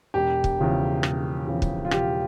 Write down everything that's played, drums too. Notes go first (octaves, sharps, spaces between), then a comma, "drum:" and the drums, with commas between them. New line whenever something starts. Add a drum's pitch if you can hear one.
E1 G4
drum: kick
E2 C#3 F3
E1, drum: rim click
E2 C#3 F3
drum: kick
F4
E1 G4, drum: rim click